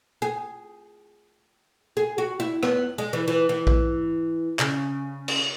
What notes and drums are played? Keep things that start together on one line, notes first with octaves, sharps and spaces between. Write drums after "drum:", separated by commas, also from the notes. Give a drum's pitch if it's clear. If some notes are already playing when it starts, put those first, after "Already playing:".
G#4
G#4
F#4
E4
B3, drum: rim click
G#3
E3
E3
E3
drum: kick A#1
C#3, drum: clap
drum: cymbal